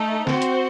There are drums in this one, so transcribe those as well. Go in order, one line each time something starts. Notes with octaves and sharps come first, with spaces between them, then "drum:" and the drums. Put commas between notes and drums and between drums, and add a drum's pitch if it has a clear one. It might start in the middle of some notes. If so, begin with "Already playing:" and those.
Already playing: A3 D#4 A4
C4 F#4 C5, drum: snare
drum: hi-hat